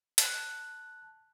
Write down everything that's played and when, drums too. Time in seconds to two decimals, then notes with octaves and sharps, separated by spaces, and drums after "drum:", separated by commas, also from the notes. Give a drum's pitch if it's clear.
0.18 A5 F#6, drum: hi-hat